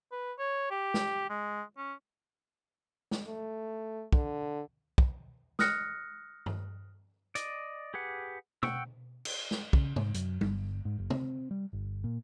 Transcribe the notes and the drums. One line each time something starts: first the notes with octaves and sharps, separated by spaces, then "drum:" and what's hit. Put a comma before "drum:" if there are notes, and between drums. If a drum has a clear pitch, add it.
B4
C#5
G4
drum: snare
G#3
C#4
drum: snare
A3
D3, drum: kick
drum: kick
D#6 F6 F#6 A#6 C#7, drum: snare
drum: tom G2
D5 D#5, drum: hi-hat
G4 G#4 B4 F#5
F#5 G5 C#6 E6, drum: tom B2
drum: cymbal
drum: snare
C#3, drum: kick
G#2, drum: tom
F#2, drum: hi-hat
G1, drum: tom G3
G#2
F#1
C4, drum: tom
G3
G1
A#2